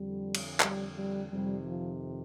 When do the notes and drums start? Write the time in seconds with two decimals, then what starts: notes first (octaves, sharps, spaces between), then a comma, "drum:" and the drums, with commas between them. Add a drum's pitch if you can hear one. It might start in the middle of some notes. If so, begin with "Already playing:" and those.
Already playing: F2 D3 G3
0.35 drum: cymbal
0.60 G3, drum: clap
0.95 G3
1.29 F2 C3 D#3 G3
1.64 F3